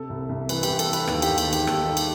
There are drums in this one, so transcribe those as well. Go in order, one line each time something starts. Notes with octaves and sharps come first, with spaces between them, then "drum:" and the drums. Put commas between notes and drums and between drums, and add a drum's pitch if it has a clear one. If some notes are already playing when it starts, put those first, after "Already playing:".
Already playing: C3 A4
C2
C2
E3 B4, drum: cymbal
G4, drum: cymbal
C2
A4, drum: cymbal
E3
B4, drum: cymbal
D#2 A4, drum: rim click
G4, drum: cymbal
D#2
G4, drum: cymbal
D#3
G4, drum: cymbal
D#2 A4, drum: rim click
D#3
drum: cymbal